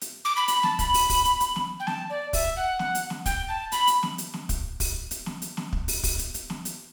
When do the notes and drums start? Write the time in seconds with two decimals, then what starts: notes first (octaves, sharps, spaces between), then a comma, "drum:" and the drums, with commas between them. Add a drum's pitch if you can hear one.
0.01 drum: hi-hat
0.25 D6
0.36 B5
0.48 B5, drum: hi-hat
0.63 A5, drum: snare
0.79 B5, drum: kick, hi-hat
0.94 drum: open hi-hat
1.09 drum: kick, open hi-hat
1.25 drum: hi-hat
1.40 drum: hi-hat
1.56 drum: snare
1.80 G5
1.87 A5, drum: snare
2.10 D5
2.33 E5, drum: kick, open hi-hat
2.56 F#5
2.79 drum: snare
2.95 drum: hi-hat
3.10 drum: snare
3.26 G5, drum: kick, hi-hat
3.49 A5
3.72 B5, drum: hi-hat
3.87 drum: hi-hat
4.03 drum: snare
4.18 drum: hi-hat
4.34 drum: snare
4.49 drum: kick, hi-hat
4.80 drum: kick, open hi-hat
5.11 drum: hi-hat
5.26 drum: snare
5.42 drum: hi-hat
5.57 drum: snare
5.73 drum: kick
5.88 drum: open hi-hat
6.03 drum: kick, open hi-hat
6.19 drum: hi-hat
6.34 drum: hi-hat
6.50 drum: snare
6.65 drum: hi-hat